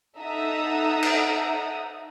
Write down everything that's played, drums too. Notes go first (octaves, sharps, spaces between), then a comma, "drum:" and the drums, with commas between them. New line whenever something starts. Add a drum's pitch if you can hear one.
D#4 A4 E5 F#5 A#5 D#6
drum: cymbal